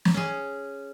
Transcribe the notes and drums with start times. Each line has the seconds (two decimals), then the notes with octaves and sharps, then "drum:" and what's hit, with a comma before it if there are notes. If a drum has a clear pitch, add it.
0.05 drum: snare
0.14 C#4 G#4